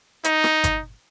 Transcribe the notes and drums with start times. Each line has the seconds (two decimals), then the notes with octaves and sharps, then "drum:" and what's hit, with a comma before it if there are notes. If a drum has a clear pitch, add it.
0.24 D#4, drum: hi-hat
0.44 drum: rim click
0.64 drum: kick G1, hi-hat